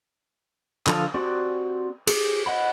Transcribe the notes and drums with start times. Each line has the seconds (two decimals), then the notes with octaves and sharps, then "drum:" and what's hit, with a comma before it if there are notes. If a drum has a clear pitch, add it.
0.87 D3 F3 A4 F5 D#6, drum: clap
1.14 C4 F#4 G4 D5
2.07 G4 G#4, drum: cymbal
2.46 D#5 F#5 B5